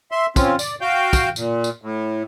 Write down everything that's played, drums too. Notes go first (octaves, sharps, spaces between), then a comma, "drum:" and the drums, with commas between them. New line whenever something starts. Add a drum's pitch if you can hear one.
E5 C6
C4 C#4 F4, drum: kick, tambourine
D5, drum: tambourine
F#4 F5 G5 G6
drum: kick, tambourine
A#2, drum: tambourine
drum: tambourine
A2